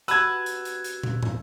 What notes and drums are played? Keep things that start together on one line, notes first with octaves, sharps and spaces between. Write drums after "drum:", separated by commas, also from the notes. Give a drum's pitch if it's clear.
F#4 G4 B4 F#5 A5 E6 G#6, drum: hi-hat
drum: hi-hat
drum: hi-hat
drum: hi-hat
drum: tom
drum: tom